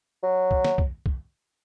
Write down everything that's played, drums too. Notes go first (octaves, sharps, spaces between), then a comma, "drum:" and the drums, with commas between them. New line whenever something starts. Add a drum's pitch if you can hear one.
F#3
drum: kick
drum: snare
drum: kick
drum: kick